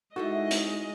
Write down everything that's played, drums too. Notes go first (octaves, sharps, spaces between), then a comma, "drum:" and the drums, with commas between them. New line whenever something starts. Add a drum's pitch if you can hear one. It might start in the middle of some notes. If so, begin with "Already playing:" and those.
G#3 D#4 E4 F#4 A4 C5 D#5 E5
drum: hi-hat